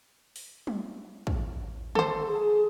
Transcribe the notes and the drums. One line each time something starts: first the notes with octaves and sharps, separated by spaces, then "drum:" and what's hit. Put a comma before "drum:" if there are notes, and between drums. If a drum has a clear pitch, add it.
drum: open hi-hat
drum: tom
drum: kick
A4 C5, drum: tom D3
G#4